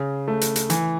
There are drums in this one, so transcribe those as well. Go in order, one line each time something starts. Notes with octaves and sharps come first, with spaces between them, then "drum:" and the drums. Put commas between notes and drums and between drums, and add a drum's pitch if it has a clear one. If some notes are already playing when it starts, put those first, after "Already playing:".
Already playing: C#3
A3
drum: hi-hat
drum: hi-hat
E3, drum: hi-hat